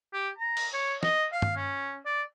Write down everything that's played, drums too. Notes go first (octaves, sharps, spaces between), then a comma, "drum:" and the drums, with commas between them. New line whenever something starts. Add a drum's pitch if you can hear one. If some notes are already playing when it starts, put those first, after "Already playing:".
G4
A#5
drum: cymbal
C#5
D#5, drum: snare
F5
drum: tom G2
C#4
D5